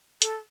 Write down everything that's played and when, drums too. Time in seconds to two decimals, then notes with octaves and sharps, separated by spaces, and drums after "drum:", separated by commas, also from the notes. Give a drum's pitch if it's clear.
0.22 A4, drum: hi-hat